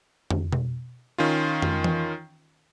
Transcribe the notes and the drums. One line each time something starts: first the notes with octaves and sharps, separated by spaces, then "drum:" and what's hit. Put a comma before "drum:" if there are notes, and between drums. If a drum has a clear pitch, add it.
drum: tom
drum: tom B2
D#3 C#4 F4
drum: tom
drum: tom E3